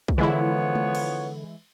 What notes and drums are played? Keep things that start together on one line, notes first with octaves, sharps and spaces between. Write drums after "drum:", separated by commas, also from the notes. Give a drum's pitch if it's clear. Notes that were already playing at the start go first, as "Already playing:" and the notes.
drum: kick B1
D3 E3 F3 G#3 B3 E4 C#5
drum: tom G#3
drum: cymbal